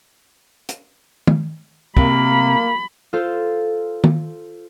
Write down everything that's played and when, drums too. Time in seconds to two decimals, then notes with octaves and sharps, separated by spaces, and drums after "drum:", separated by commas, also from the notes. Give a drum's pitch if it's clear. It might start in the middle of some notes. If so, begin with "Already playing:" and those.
0.69 drum: hi-hat
1.27 drum: tom
1.97 C3 A#3 B5, drum: kick
3.13 F4 A4 C5
4.04 drum: tom D#3